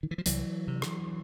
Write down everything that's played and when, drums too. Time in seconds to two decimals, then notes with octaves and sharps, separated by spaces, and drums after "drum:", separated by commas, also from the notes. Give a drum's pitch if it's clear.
0.03 D#3
0.11 E3
0.18 F3
0.26 C2 E3 F#3, drum: hi-hat
0.68 C3
0.82 drum: rim click